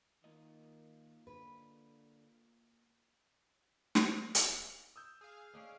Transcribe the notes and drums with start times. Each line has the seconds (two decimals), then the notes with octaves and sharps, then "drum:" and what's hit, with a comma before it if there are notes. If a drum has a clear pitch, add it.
0.24 D#3 A#3 F4 D#5
1.27 D3 B4
3.95 drum: snare
4.35 drum: hi-hat
4.96 D#6 E6 G6
5.21 G#4 F5
5.53 C#4 D4 D#5